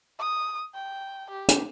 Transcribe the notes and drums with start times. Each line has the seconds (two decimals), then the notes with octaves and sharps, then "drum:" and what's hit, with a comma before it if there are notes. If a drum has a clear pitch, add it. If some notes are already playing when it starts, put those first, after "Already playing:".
0.19 D#6
0.75 G5
1.31 G4
1.48 drum: hi-hat